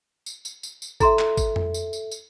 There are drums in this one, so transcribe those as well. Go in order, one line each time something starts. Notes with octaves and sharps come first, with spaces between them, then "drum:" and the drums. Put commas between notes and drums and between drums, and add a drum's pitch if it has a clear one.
drum: tambourine
drum: tambourine
drum: tambourine
drum: tambourine
E4 A4 E5 A#5 C6, drum: kick G#1, tambourine
drum: clap
drum: kick G#1, tambourine
drum: tom F2
drum: tambourine
drum: tambourine
drum: tambourine